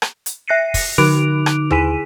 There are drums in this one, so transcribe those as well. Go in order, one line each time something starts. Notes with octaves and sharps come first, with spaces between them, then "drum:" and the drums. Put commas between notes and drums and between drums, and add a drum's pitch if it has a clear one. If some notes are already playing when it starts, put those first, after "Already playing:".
drum: rim click
drum: hi-hat
E5 F#6 A#6 C7 C#7 D#7
drum: kick, open hi-hat
D3 D#4 D6 F#6 D7 F7
drum: rim click
E4 G#4 G#5 B6 D#7, drum: tom D#2